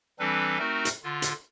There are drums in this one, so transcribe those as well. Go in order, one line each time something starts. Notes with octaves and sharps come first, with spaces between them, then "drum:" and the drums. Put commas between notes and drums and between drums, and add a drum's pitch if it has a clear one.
E3 G3 C4 D4 A4 B4
A3 C4 D#4 F#4 A#4
drum: hi-hat
D3 F4
drum: hi-hat